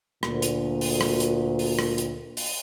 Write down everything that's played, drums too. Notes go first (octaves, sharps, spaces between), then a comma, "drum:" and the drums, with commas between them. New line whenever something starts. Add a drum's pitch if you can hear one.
D2 A#2, drum: rim click
drum: hi-hat
drum: open hi-hat
drum: rim click
drum: hi-hat
drum: open hi-hat
drum: rim click
drum: hi-hat
drum: open hi-hat